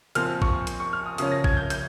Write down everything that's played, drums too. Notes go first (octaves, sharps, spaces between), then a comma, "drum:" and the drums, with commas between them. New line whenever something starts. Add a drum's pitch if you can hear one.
A#2 F3 C4 F6, drum: hi-hat
C#6, drum: kick A1
drum: hi-hat
C#6
F6
D#6
C#3 F3 A#3 C#4 D#6, drum: hi-hat
A#6
G#6, drum: kick A1
G6
G6, drum: hi-hat